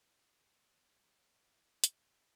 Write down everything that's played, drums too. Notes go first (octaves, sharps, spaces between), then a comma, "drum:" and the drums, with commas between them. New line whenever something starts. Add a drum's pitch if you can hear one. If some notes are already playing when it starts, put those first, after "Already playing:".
Already playing: F#3 D4
A#3
F#3
C#3
F3 E4
D3, drum: hi-hat